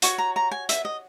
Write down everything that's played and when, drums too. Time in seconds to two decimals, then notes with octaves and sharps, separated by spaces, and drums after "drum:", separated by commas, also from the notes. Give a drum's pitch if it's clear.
0.02 F#4 C#5 C#6, drum: hi-hat
0.18 A#5
0.36 A#5
0.51 G#5
0.69 E5, drum: hi-hat
0.85 D#5